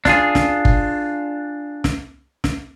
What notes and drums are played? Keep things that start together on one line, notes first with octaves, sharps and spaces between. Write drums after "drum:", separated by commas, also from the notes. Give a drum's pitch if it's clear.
D4 F4 G#4, drum: snare
drum: snare
drum: kick G1
drum: snare
drum: snare